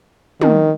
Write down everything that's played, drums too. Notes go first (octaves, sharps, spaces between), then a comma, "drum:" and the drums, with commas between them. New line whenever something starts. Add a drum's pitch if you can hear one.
D#3, drum: tom